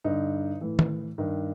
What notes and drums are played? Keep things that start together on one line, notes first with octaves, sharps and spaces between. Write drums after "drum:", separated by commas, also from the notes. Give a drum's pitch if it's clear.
G2 D3 D#4
A2 E3
drum: tom D#3
G2 D#3